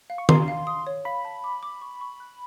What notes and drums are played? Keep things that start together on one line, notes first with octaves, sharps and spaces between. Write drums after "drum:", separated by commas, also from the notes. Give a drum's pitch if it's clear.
F5
C#6
A#5 C6, drum: tom D#3
F5
D#6
C#5
F5 B5
A5
D6
D6
C#6
C#6
F#6